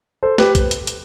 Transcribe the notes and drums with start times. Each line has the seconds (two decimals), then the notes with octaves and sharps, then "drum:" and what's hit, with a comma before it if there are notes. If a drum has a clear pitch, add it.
0.23 A4 C5
0.38 G4 B4, drum: snare
0.55 drum: kick, hi-hat
0.71 drum: hi-hat
0.87 drum: hi-hat